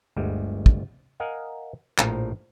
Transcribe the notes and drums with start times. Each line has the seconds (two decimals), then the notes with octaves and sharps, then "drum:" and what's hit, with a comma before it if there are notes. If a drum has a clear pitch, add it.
0.16 G1 D2 G3 G#3
0.66 drum: kick
1.20 A#4 D#5 F5 F#5 G#5
1.98 A#1 A2 F3 A#5, drum: clap